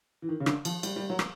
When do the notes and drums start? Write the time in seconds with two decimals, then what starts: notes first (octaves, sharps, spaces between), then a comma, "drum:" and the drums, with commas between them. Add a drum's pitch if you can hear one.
0.22 E3
0.29 D#3
0.40 C#3
0.46 D3, drum: rim click
0.65 F3, drum: cymbal
0.83 G3, drum: cymbal
0.96 G3
1.10 F#3
1.19 drum: rim click